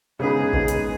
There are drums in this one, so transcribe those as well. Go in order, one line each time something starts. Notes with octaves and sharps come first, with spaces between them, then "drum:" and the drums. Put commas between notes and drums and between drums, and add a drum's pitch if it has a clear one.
C#3 G#3 B3 D#4 G#4 B4
C#3 G#3 B3 D#4 B4, drum: kick
drum: hi-hat